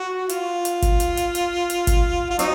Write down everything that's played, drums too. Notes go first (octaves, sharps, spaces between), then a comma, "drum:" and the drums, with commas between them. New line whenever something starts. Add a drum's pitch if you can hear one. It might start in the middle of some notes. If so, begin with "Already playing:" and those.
Already playing: F#4
F4, drum: hi-hat
drum: hi-hat
drum: kick G1, hi-hat
drum: hi-hat
drum: hi-hat
drum: hi-hat
drum: hi-hat
drum: kick G1, hi-hat
F4
F#3 C4 D#4, drum: hi-hat